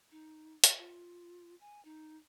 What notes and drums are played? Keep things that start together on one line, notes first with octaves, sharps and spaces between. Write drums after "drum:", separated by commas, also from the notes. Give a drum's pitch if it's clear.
D#4
drum: hi-hat
F4
G#5
D#4